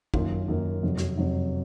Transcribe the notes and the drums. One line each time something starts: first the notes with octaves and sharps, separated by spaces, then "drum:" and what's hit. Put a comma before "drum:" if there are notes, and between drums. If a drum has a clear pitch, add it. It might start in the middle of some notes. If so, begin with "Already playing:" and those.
F#2 D#3 A#3 F4, drum: kick
F#2 D#3 A#3 F4
F2 C3 F#3
drum: snare
F2 C3 F#3